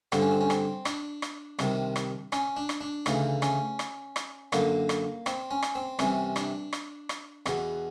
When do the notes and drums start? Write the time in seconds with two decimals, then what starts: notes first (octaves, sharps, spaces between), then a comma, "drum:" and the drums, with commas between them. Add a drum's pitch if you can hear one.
0.12 G2 D3 C4, drum: rim click
0.22 C#4
0.31 C4
0.41 C#4
0.50 C4, drum: rim click
0.85 D4, drum: rim click
1.22 drum: rim click
1.59 C2 C3 D#3, drum: rim click
1.96 drum: rim click
2.32 C#4, drum: rim click
2.57 D4
2.69 drum: rim click
2.81 D4
3.06 D2 C#3 E3 D#4, drum: rim click
3.42 C#4, drum: rim click
3.79 drum: rim click
4.16 drum: rim click
4.52 F#2 D3 A#3, drum: rim click
4.89 drum: rim click
5.26 C4, drum: rim click
5.51 C#4
5.62 drum: rim click
5.75 C4
5.99 C2 C3 E3 C#4, drum: rim click
6.36 D4, drum: rim click
6.73 drum: rim click
7.09 drum: rim click
7.46 E2 B2, drum: rim click